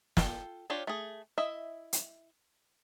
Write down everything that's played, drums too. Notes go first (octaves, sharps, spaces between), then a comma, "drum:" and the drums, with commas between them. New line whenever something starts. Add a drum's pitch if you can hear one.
F4 A4 G5, drum: snare
D4 F4 G4 C#5
A3 G#4
E4 D#5 E5
drum: hi-hat